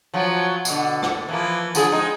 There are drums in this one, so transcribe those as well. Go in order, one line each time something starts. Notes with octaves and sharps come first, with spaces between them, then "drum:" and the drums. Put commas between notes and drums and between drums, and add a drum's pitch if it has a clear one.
F3 F#3
B2 D3, drum: tambourine
drum: rim click
E3 F3 A#3
D3 F3 G#4, drum: tambourine
G#3 C4 D#4